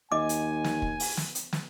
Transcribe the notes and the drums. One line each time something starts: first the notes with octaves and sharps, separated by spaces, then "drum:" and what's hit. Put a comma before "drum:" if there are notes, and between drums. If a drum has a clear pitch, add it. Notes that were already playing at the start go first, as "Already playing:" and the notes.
D#2 D#5 G#5 D6
drum: hi-hat
drum: snare
drum: kick
drum: open hi-hat
drum: snare
drum: hi-hat
drum: snare